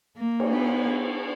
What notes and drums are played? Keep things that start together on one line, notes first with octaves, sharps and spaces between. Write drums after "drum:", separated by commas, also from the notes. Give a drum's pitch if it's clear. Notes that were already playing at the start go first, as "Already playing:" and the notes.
A#3
drum: cymbal
B3